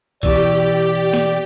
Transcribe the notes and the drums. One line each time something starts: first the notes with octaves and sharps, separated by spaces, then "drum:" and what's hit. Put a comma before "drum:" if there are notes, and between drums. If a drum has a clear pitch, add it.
B2 E3 G4 D5, drum: kick A#1
drum: snare